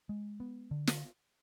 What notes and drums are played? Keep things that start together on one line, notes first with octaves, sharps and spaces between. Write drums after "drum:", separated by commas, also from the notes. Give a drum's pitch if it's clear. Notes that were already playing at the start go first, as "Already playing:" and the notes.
G#3
B3
D3
drum: snare